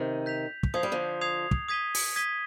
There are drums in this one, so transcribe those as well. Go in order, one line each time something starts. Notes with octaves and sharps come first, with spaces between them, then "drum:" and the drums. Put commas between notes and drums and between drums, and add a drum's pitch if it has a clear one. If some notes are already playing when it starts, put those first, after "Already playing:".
Already playing: C3 D#3
G6 B6 F7
drum: kick
F3 D#6 G#6 C7 F7
G3
D3 F3
D#6 G#6 C7 F7
drum: kick
D#6 G#6 B6 D#7 G7
drum: open hi-hat
D#6 G#6 B6 D#7 G7